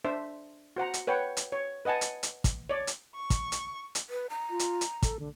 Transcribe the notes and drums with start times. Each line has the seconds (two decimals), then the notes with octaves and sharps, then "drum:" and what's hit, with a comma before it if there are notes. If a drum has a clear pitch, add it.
0.05 D4 C5 E5
0.76 F#4 C5 F#5 A#5
0.94 drum: hi-hat
1.07 B4 C#5 F#5 G5
1.37 drum: hi-hat
1.52 C#5
1.85 B4 D#5 F#5 G#5 A5
2.01 drum: hi-hat
2.23 drum: hi-hat
2.44 drum: kick, hi-hat
2.69 C#5 D5
2.87 drum: hi-hat
3.16 C#6
3.30 drum: kick, hi-hat
3.52 drum: hi-hat
3.95 drum: hi-hat
4.10 B4
4.30 A#5
4.50 F4
4.59 drum: hi-hat
4.81 drum: hi-hat
5.02 A4, drum: kick, hi-hat
5.19 D3